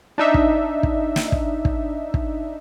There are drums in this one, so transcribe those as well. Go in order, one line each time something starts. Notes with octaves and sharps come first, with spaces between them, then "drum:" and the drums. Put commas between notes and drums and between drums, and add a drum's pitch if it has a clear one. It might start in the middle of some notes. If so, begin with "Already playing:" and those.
D4 D#4 E5
drum: kick
drum: kick
drum: snare
drum: kick
drum: kick
drum: kick